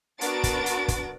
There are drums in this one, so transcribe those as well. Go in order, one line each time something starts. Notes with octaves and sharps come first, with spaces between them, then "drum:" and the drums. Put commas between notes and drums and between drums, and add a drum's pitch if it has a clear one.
B3 D4 F#4 A#4 A6 D7, drum: hi-hat
drum: kick, hi-hat
drum: hi-hat
drum: kick, hi-hat